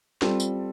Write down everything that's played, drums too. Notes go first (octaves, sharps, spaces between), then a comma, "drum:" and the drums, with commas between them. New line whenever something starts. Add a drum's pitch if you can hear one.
G3 C4 F4 A4, drum: snare
drum: tambourine